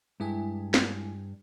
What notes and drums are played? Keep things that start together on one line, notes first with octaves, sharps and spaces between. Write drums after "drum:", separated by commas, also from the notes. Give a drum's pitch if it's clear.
G2 G#3 E4 G#5
drum: snare